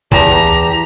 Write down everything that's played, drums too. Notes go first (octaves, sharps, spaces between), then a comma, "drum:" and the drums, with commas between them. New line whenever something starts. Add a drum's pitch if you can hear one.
E2 G4 A5 A#5, drum: kick